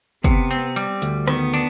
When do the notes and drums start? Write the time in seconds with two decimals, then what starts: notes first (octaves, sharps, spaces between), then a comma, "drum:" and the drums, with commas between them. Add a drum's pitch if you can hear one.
0.24 C3 B3, drum: kick, hi-hat
0.51 C4, drum: hi-hat
0.76 G3, drum: hi-hat
1.02 D2, drum: hi-hat
1.27 D#3 B3, drum: rim click
1.54 D4, drum: hi-hat